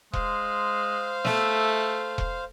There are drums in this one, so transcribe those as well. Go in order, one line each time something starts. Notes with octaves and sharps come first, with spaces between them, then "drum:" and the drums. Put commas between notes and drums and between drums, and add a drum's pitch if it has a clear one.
G#3 C5 F5, drum: kick E1
A3 E5, drum: snare
drum: kick E1